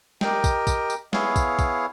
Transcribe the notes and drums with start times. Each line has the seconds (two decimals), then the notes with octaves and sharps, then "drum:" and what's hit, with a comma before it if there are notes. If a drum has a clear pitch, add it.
0.21 G4 A#4 D#5 G5, drum: snare
0.44 drum: kick, tambourine
0.67 drum: kick, tambourine
0.90 drum: tambourine
1.13 B3 E4 G#4 C#5 F5, drum: snare
1.36 drum: kick, tambourine
1.59 drum: kick, tambourine